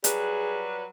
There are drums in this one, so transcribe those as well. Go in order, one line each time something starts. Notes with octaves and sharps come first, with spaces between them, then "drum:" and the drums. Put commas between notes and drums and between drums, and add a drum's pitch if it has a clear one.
F#3 G3 G#4 B4, drum: hi-hat